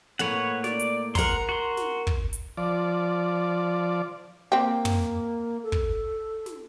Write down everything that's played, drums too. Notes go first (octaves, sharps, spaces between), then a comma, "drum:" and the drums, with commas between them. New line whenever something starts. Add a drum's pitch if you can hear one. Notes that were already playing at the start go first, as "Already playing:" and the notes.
A2 A#3 B4 C#5 F#5
D5, drum: snare
drum: hi-hat
A#4 F#5 A#5 C6, drum: kick
F#4 C6
drum: snare
drum: kick
drum: hi-hat
F3 D5
A#3 C4 G4
drum: tom
A4
drum: kick
drum: snare